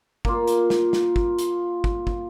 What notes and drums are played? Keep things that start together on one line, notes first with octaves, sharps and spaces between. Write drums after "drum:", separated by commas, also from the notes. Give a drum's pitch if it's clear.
A#3 F4, drum: kick
drum: hi-hat
drum: snare
drum: snare
drum: kick
drum: hi-hat
drum: kick
drum: kick